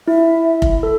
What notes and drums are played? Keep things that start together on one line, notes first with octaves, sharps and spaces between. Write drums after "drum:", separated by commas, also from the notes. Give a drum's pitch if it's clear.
E4 E5
drum: kick F1
A4